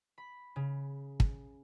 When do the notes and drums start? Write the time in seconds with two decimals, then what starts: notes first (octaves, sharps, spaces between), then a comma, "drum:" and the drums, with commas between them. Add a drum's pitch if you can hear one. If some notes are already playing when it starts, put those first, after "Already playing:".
0.18 B5
0.56 C#3
1.20 drum: kick